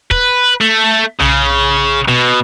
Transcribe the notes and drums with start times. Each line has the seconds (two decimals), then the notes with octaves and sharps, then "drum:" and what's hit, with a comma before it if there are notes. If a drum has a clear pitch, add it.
0.11 B4, drum: kick
0.61 A3
1.20 C#3, drum: tom B1
2.08 B2